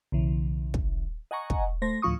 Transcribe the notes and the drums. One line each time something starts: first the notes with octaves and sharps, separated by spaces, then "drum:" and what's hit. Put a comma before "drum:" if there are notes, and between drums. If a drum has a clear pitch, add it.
B1 C#3 E3
drum: kick
D#5 F#5 G#5 A#5 C#6
drum: kick
A3 C5 A#6
D2 A2 F3 F4 C#6 D#6